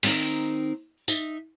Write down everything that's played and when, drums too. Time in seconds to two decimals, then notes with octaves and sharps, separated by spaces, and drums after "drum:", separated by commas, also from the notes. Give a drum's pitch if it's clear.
0.03 D#3 C4 D#4 A#4, drum: open hi-hat
1.08 D#4 E5, drum: tambourine